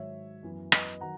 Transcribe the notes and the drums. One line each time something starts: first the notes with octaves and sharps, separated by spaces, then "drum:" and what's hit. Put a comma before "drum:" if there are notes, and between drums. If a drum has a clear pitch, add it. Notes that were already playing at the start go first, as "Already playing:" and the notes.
Already playing: G#2 D#3 F#3 C#5 E5
F#2 E3 B3
B4 D#5, drum: rim click
D#3 F#3 F#5 A#5